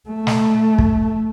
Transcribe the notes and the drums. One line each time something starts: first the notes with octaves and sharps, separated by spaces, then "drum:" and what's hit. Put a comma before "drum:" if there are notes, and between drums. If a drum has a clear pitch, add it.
A3
drum: snare
drum: kick